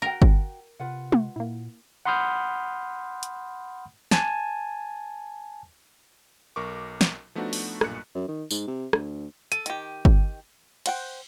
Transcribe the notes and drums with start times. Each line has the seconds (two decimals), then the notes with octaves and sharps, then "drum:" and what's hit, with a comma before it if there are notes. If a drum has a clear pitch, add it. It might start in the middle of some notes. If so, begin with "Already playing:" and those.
0.02 F#4 A#4 G5
0.22 drum: kick G1
0.79 C3 F4 B4 F#5
1.12 drum: tom
1.36 A#2 A#3 E4
2.05 F#5 B5 C6 D#6 F6 G6
3.23 drum: hi-hat
4.11 G#5 A5, drum: snare
6.56 B1 A#4 C#6 D6
7.01 drum: snare
7.35 F3 A3 B3 D4 D#4 F#4
7.53 drum: open hi-hat
7.81 B1 G2 A#2 F#6 C#7, drum: rim click
8.15 F#2
8.28 D#3
8.51 G#2, drum: tambourine
8.67 C3
8.93 D2, drum: rim click
9.52 A4 D#7, drum: hi-hat
9.66 D#3 G4, drum: hi-hat
10.05 drum: kick G1
10.86 C5 F#5 G5, drum: cymbal